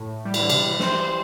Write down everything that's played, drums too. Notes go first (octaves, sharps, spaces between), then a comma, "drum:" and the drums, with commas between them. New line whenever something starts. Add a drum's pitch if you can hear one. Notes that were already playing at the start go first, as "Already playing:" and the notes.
Already playing: A2
G3
E3, drum: cymbal
D3
C3, drum: cymbal
G3
E3
G3 C5, drum: snare